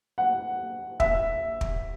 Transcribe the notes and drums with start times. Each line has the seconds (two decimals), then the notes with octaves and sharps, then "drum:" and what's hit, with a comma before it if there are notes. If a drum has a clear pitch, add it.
0.18 F#5
1.00 E5, drum: kick
1.61 drum: kick